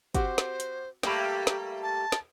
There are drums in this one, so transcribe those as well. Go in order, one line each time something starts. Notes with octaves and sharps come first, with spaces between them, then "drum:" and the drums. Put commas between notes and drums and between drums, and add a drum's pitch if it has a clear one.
C4 F#4 G4 C5, drum: kick, hi-hat
drum: snare
drum: hi-hat
G3 A3 A#3 G4 G5 B5, drum: snare
drum: snare
A5
drum: snare